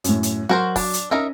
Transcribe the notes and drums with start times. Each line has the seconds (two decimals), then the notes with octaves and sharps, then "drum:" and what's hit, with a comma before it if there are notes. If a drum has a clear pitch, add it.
0.04 F#2 A2, drum: hi-hat
0.23 drum: hi-hat
0.49 F#3 F#4 A#4 C5
0.76 D4, drum: kick, open hi-hat
0.94 drum: hi-hat
1.11 C#4 D#4 A#4 E5